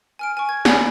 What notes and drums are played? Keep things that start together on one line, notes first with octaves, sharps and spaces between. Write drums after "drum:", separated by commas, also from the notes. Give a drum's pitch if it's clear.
G#5 F6 D7
G#5 C#6
G#6
C#5 D5 G#5 B5, drum: snare